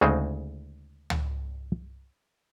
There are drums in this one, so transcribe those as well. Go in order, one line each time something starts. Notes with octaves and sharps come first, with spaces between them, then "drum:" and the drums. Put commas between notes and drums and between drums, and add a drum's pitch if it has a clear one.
D2 C#3 G#3 C4 D#4 C5
drum: tom C#2